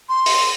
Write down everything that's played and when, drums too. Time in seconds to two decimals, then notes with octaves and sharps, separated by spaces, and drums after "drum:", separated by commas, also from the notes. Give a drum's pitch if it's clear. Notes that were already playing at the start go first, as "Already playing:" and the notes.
0.09 C6
0.26 drum: open hi-hat